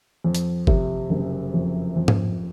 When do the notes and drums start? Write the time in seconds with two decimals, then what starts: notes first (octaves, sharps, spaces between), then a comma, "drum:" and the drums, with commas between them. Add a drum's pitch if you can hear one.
0.24 F2
0.35 drum: hi-hat
0.67 C3, drum: kick G1
1.10 F#1
1.54 F2
1.97 F2
2.08 drum: tom G#2